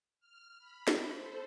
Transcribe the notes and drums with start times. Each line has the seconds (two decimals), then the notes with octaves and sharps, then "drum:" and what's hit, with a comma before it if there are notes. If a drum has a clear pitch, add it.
0.20 F6
0.59 B5
0.88 drum: snare
1.11 A4 C5